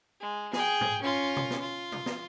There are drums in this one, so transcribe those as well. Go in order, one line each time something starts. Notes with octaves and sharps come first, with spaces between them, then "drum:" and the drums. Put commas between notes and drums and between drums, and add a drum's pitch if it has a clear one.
G#3
G#4 G5, drum: snare
drum: tom G#2
C#4 F4
drum: tom B2
drum: snare
F4
drum: tom
drum: snare